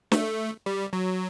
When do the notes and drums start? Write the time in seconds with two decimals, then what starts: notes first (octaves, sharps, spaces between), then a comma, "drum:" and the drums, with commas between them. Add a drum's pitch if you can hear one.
0.12 A3, drum: snare
0.66 G3
0.93 F#3